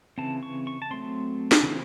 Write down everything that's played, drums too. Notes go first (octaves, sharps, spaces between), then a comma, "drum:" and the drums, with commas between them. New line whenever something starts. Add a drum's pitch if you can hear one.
C#3 E3 C4 A5
C#6
C#6
A5
F#3 A3 C4 C6
drum: snare
C#3 E3 C4